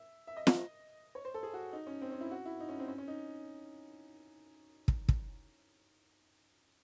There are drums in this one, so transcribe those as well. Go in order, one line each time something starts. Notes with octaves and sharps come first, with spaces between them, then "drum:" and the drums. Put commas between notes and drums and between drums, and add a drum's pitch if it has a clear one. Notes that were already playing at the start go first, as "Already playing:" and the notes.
Already playing: E5
E5
D#5
D#5, drum: snare
C#5
C5
A4
G#4
F#4
D#4
C#4
C4
C#4
E4
F#4
E4
D#4
C#4
C4
C#4
C#4
D#4
drum: kick
drum: kick